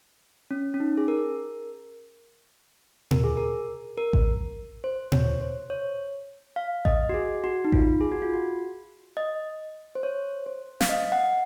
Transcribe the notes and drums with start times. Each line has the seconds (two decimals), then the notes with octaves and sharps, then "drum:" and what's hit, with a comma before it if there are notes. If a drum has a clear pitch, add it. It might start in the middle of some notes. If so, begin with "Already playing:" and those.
0.51 C#4
0.74 C#4
0.80 D#4
0.97 G#4
1.08 A#4
3.11 A#4, drum: tom A#2
3.24 G#4
3.37 A#4
3.98 A#4
4.13 drum: kick A1
4.84 C5
5.12 C#5, drum: tom A#2
5.41 C5
5.70 C#5
6.56 F5
6.85 D#5, drum: kick A1
7.09 F#4
7.14 G#4
7.44 F#4
7.65 D#4
7.72 F4, drum: kick A1
8.01 G#4
8.12 F#4
8.22 F4
8.33 F#4
9.17 D#5
9.95 C5
10.03 C#5
10.46 C5
10.81 F5, drum: snare
10.89 D#5
11.12 F#5